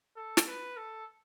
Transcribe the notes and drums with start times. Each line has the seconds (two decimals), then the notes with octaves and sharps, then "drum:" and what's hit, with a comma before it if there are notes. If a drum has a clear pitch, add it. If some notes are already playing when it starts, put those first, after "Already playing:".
0.16 A4
0.37 drum: snare
0.48 B4
0.77 A4